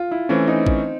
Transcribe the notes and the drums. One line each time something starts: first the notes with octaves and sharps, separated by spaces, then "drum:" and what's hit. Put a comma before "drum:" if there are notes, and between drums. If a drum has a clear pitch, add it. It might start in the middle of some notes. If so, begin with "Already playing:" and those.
Already playing: F4
E4
E3 A3 C4 C#4
D#4
drum: kick A1